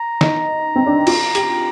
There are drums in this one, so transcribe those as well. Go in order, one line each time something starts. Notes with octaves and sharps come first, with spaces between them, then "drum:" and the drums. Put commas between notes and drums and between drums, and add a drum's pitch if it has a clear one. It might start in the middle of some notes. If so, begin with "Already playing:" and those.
Already playing: A#5
D#4, drum: snare
C4
D4
D#4
F4, drum: cymbal
G4, drum: hi-hat